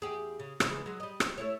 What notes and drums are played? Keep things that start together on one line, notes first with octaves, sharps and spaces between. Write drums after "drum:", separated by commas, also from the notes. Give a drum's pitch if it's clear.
E2 G4 G#4
C#3
C#3 E3 G#3, drum: rim click
F#3 G#3
G3 D#5
drum: rim click
A3 E4 C#5